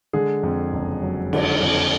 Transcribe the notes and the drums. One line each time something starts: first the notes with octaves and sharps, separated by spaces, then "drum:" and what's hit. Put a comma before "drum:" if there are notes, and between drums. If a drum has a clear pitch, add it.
D3 G#3 G#4
F2
F#1
F#3
D3, drum: cymbal
F2